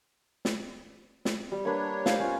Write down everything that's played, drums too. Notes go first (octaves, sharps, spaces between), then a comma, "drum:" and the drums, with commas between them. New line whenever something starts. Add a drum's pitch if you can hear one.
drum: snare
drum: snare
G3
A#3 D4 B4 C#5
C5 F5, drum: snare
C#4 F4 C#5